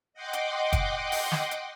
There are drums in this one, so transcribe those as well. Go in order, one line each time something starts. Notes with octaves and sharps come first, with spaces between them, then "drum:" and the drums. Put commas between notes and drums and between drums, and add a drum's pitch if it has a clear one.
D#5 F#5 G5 C6 D6
drum: hi-hat
drum: kick, hi-hat
drum: open hi-hat
drum: snare
drum: hi-hat